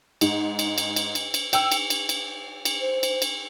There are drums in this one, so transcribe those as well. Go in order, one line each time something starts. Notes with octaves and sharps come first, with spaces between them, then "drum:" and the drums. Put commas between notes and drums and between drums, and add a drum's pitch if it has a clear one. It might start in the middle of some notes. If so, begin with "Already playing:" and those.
G#2, drum: cymbal
drum: cymbal
drum: cymbal
drum: cymbal
drum: cymbal
drum: cymbal
G5 E6, drum: cymbal
drum: cymbal
drum: cymbal
drum: cymbal
drum: cymbal
C5
drum: cymbal
drum: cymbal